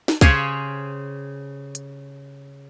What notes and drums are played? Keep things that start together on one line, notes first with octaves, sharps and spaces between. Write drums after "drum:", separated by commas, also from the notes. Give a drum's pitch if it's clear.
drum: snare
C#3 G4 G#4 C5 C#5 G#5, drum: kick C#2
drum: hi-hat